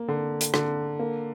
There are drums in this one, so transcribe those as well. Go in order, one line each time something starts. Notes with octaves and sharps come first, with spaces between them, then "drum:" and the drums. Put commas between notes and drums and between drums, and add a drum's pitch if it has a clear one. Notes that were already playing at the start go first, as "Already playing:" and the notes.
Already playing: A#3
D3
drum: hi-hat
D3, drum: rim click
A#3